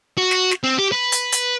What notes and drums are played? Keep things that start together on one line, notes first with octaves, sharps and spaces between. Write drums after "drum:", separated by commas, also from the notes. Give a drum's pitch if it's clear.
F#4
drum: snare
drum: snare
C4
G4
B4
drum: hi-hat
drum: hi-hat